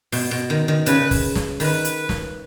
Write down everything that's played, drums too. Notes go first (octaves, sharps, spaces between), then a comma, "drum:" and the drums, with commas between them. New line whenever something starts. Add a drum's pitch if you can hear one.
B2, drum: open hi-hat
B2
D#3
D#3
C#3 B4, drum: hi-hat
drum: kick, open hi-hat
drum: snare
D#3 B4, drum: open hi-hat
drum: hi-hat
drum: snare